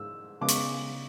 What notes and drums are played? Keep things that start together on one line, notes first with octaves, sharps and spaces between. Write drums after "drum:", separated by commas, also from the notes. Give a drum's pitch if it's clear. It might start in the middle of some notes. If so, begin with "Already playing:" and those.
Already playing: G#2 E6
C#3 G#3 B3 D6
C#6, drum: hi-hat
D6